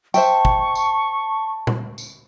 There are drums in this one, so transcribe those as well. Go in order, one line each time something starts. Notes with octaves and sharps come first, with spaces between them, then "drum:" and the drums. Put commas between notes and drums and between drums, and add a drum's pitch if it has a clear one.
C5 E5 G5 A5 C#6, drum: tambourine
drum: kick G1
drum: tambourine
drum: tom A#2
drum: tambourine